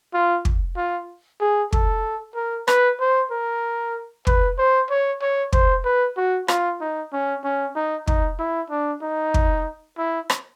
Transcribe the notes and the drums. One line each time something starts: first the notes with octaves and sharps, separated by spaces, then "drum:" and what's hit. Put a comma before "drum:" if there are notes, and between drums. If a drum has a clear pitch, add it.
F4
drum: kick
F4
G#4
A4, drum: kick
A#4
B4, drum: rim click
C5
A#4
B4, drum: kick
C5
C#5
C#5
C5, drum: kick
B4
F#4
F4, drum: rim click
D#4
C#4
C#4
D#4
D#4, drum: kick
E4
D4
D#4
drum: kick
E4
drum: rim click